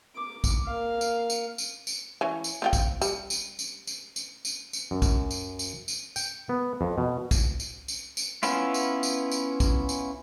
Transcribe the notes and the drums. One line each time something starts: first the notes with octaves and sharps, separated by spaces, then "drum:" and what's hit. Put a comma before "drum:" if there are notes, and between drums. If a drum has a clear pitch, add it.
D6
drum: kick, tambourine
A#3 F5
drum: tambourine
drum: tambourine
drum: tambourine
drum: tambourine
E3 C#4
drum: tambourine
C4 F4 G5
drum: kick, tambourine
G3, drum: tambourine
drum: tambourine
drum: tambourine
drum: tambourine
drum: tambourine
drum: tambourine
drum: tambourine
F#2
drum: kick, tambourine
drum: tambourine
drum: tambourine
drum: tambourine
G5, drum: tambourine
B3
F2
B2
drum: kick, tambourine
drum: tambourine
drum: tambourine
drum: tambourine
B3 C#4 E4 F4, drum: tambourine
drum: tambourine
drum: tambourine
drum: tambourine
drum: kick, tambourine
drum: tambourine